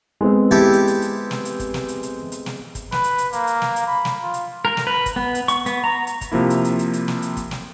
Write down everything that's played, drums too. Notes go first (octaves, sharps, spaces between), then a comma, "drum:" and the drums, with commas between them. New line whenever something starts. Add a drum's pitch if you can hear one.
G#3 B3 C4
E4 G4 A4
drum: hi-hat
drum: hi-hat
drum: hi-hat
drum: snare
drum: hi-hat
drum: kick, hi-hat
drum: snare
drum: hi-hat
drum: hi-hat
drum: hi-hat
drum: snare
drum: kick, hi-hat
B4, drum: snare
drum: hi-hat
drum: hi-hat
A#3, drum: hi-hat
drum: hi-hat
drum: snare
drum: hi-hat
B5
drum: snare
F4
drum: hi-hat
A#4
drum: snare
B4
drum: kick, hi-hat
B3
drum: hi-hat
C#6, drum: hi-hat
B3, drum: hi-hat
A#5
drum: hi-hat
drum: kick, hi-hat
C3 F3 A#3 E4
drum: hi-hat
drum: hi-hat
drum: hi-hat
drum: hi-hat
drum: snare
drum: hi-hat
drum: kick, hi-hat
drum: snare